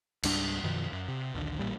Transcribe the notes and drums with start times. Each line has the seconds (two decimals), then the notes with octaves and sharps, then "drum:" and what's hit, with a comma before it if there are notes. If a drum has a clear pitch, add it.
0.23 C#2 G#2 G3 D4, drum: cymbal
0.63 F#2 B2 D#3 F3
0.93 F#2
1.08 C3
1.34 A#1 D#2 D3
1.59 A1 F#2 A#2 G3